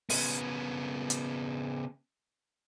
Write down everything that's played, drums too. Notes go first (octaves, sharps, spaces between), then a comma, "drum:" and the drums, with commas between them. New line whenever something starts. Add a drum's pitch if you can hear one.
C#3 B3, drum: open hi-hat
drum: hi-hat